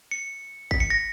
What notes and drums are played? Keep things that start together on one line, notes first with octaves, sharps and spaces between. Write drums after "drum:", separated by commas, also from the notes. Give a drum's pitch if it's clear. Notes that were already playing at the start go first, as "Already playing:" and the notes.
C#7
B6, drum: kick G#1
C#7
A#6